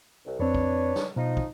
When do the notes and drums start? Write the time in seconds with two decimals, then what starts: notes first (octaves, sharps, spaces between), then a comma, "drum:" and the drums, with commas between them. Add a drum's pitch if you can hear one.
0.25 C2
0.39 F2 C4 D4 B4 C#5
0.55 drum: kick
0.96 drum: snare
1.16 B2 F3 D#4
1.37 drum: kick